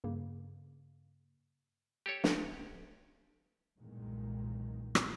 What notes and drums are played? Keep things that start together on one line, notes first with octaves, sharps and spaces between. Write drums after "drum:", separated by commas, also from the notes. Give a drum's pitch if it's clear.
G2 C#3 A#3
G4 A4 C#5
drum: snare
B1 E2 G2 A#2 D#3 G#3
drum: rim click